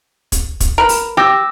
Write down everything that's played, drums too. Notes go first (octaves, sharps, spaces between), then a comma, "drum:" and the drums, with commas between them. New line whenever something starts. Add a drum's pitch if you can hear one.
drum: kick, hi-hat
drum: kick, hi-hat
A#4 B4
drum: open hi-hat
G4 D6 E6 A#6